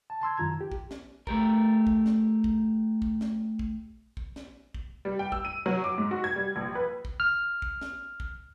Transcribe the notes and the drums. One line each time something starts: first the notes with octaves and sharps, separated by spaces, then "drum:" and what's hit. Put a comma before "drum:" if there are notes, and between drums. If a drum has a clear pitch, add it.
A5
A5 C6 E6 G#6
F#2 D#3 F4 A#5 G#6
G4
drum: kick
drum: snare
A3 G4 A#4, drum: kick
drum: kick
drum: snare
drum: kick
drum: kick
drum: snare
drum: kick
drum: kick
drum: snare
drum: kick
G3
G5
E6, drum: kick
D#7
F#3
D6
G#2
F#4
G#6
G3
A#1
B4
drum: kick
F6
drum: kick
drum: snare
drum: kick